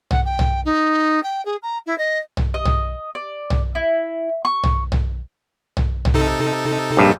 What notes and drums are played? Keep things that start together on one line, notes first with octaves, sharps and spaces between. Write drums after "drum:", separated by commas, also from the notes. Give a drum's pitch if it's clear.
F#5, drum: tom B1
G5
drum: tom B1
D#4
G5
G#4
A#5
E4
D#5
drum: tom B1
D#5
drum: tom B1
D5
drum: tom B1
E4
C#6
drum: tom B1
drum: tom B1
drum: tom B1
drum: tom B1
C3 D#4 A4
A#1 G2